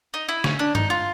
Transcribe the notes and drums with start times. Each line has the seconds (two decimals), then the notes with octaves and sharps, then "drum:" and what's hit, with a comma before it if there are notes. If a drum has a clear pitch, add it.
0.14 D#4
0.29 E4
0.44 C#4, drum: snare
0.59 D4
0.75 D#4, drum: tom G2
0.90 F4